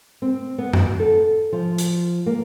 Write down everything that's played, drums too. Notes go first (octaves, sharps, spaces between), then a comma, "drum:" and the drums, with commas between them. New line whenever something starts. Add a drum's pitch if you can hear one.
C4
B3
drum: tom F#2
A4
F3
drum: hi-hat
A#3